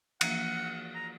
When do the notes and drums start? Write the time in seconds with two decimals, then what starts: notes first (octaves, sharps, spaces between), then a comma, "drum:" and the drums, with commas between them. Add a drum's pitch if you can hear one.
0.21 E3 F3 A#3 F#5, drum: cymbal
0.95 A#5